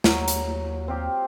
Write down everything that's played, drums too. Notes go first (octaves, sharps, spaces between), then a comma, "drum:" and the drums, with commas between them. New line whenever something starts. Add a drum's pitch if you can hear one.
D#2 F#3 A#5, drum: snare
drum: hi-hat
C4 F4 G4